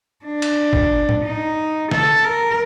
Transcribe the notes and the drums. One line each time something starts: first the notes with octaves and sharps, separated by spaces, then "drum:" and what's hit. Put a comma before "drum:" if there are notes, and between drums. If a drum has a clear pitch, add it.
D4
drum: cymbal
drum: kick G1
drum: tom
D#4
A4, drum: snare
A#4